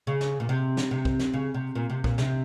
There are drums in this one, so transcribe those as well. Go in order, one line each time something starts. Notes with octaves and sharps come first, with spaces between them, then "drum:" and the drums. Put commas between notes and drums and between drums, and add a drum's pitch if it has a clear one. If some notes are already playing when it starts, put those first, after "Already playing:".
C#3
drum: snare
A#2
C3
drum: snare
C3
drum: kick
drum: snare
C#3
C3
A#2
C3
A#2, drum: kick
C3, drum: snare